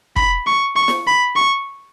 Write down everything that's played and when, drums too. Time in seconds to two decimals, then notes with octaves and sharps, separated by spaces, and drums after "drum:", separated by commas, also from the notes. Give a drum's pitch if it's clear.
0.16 B5, drum: kick
0.47 C#6
0.76 C#6
0.88 drum: snare
1.07 B5
1.36 C#6